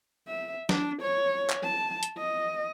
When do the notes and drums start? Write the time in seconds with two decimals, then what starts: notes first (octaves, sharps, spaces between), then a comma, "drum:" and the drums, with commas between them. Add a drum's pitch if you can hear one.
0.28 E5
0.69 D4, drum: snare
1.02 C#5
1.50 drum: clap
1.63 A5
2.03 drum: hi-hat
2.18 D#5